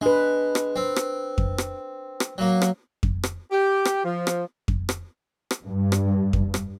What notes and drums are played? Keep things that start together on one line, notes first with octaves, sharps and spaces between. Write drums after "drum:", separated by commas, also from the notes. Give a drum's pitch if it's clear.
G#3 D4 B4
drum: rim click
C4
drum: rim click
drum: kick F2
drum: rim click
drum: rim click
F#3 A#3
drum: rim click
drum: kick F2
drum: rim click
G4
drum: rim click
F3
drum: rim click
drum: kick F2
drum: rim click
drum: rim click
G2
drum: rim click
drum: kick F2
drum: rim click